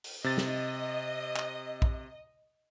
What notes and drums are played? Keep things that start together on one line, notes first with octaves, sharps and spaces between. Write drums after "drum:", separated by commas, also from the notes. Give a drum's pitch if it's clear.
drum: open hi-hat
C3 D#5 A6
drum: snare
drum: clap
drum: kick